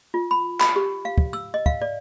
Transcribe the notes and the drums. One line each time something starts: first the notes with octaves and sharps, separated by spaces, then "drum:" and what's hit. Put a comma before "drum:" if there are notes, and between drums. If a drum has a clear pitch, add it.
F4
B5
B5, drum: clap
G4
F5
drum: kick
E6
D#5
F5, drum: kick
D5